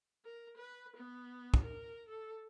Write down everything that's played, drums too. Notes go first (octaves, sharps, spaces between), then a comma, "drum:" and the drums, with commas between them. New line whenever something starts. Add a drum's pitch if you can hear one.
A#4
B4
B3
drum: kick
A#4
A4